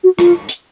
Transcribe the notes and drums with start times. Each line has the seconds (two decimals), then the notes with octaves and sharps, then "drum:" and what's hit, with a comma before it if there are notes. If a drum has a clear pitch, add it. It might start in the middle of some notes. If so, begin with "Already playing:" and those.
0.04 F#4
0.19 F4, drum: rim click
0.49 drum: hi-hat